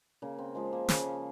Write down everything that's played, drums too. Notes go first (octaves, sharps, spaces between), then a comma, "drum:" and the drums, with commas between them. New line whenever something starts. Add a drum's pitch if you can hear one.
C#3 A#3
C4
F3 G#3 C4
A#3
C#3, drum: snare
A#3